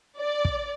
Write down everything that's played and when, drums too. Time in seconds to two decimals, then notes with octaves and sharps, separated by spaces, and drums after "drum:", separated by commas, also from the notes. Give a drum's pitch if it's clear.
0.19 D5
0.45 drum: kick